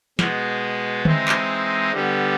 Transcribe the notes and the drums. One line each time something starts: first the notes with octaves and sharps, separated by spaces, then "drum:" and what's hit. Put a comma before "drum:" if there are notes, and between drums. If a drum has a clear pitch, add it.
B2 G#3 B3, drum: snare
E3 G#3 C4 D#4, drum: tom D3
drum: clap
D3 G3 B3